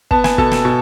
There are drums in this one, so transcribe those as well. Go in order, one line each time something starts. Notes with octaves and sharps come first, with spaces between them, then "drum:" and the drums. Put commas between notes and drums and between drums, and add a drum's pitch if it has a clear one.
B3 A5, drum: kick
G#5, drum: snare
B2 A4 A5, drum: kick
drum: snare
B2